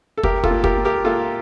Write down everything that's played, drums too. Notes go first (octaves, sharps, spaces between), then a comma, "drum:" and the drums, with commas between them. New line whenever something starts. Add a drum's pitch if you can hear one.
A4
A3 G4 A#4, drum: kick
F4 A4, drum: kick
A#2
G4 A#4, drum: kick
A#2
G4 A#4
A#2 F4 A4